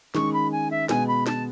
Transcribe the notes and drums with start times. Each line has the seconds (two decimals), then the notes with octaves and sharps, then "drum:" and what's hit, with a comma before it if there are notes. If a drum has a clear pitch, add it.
0.15 D#3 G#3 C#4 C#6, drum: snare
0.33 B5
0.52 G#5
0.71 E5
0.89 B2 G#3 B3 G#5, drum: snare
1.08 B5
1.26 A5, drum: snare